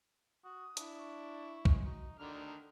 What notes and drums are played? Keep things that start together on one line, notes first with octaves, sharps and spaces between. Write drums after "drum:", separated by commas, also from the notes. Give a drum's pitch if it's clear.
F#4 D#6
D4 E4, drum: hi-hat
C#6
G#3, drum: kick
D#4 F#4
D3 D#3 D4 A#5 F6